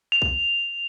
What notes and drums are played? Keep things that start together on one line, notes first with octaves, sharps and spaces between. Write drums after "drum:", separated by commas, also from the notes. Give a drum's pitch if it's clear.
F7
drum: kick C2